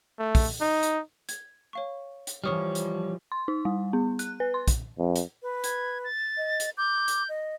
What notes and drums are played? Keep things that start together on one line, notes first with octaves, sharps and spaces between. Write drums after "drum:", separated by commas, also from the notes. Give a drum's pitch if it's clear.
A3
drum: kick, open hi-hat
D#4
drum: hi-hat
G#6, drum: hi-hat
C#5 F5 C#6
drum: hi-hat
E3 F3 G3 C#5 C#6 D#6 F6
drum: hi-hat
C6
D#4
G3
B3
F#6, drum: hi-hat
B4
C6
drum: kick, hi-hat
F2
drum: hi-hat
B4
G#6, drum: hi-hat
A6
D#5
drum: hi-hat
D6 G6
drum: hi-hat
D#5